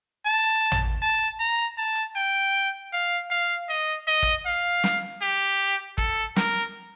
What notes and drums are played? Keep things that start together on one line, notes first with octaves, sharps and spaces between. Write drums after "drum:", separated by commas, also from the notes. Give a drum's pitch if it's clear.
A5
drum: tom A1
A5
A#5
A5
drum: hi-hat
G5
F5
F5
D#5
D#5
drum: kick
F5
drum: snare
G4
A4, drum: kick
A#4, drum: snare